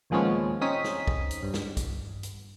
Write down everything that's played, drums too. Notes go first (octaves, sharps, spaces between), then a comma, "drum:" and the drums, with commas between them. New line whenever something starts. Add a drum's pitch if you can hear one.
D#2 A#2 F3 G#3 B3 C#4
C4 C#4 D#4 D#6 B6
drum: snare
drum: kick
drum: hi-hat
G2
drum: snare
drum: kick, hi-hat
drum: hi-hat